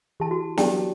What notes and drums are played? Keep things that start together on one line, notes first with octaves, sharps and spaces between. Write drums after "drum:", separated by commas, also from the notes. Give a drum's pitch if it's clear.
E3 G4 A5
F#4
F#3 D4 G4 D5 G5 A5, drum: snare